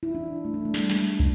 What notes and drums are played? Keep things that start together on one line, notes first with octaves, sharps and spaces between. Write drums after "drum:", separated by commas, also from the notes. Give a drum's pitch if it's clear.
E4
D4
A3
D4
A3
G3, drum: snare
drum: snare
drum: kick